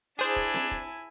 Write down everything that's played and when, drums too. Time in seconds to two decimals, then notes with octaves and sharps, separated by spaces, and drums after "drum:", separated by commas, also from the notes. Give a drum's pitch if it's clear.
0.19 D4 E4 G#4 C5 G#5 A5
0.36 drum: kick
0.54 drum: snare C4
0.71 drum: kick